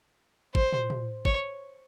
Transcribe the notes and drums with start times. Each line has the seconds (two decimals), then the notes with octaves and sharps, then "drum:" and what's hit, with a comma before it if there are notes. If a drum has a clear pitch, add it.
0.55 C5, drum: kick
0.73 drum: tom
0.90 drum: tom
1.25 C#5, drum: kick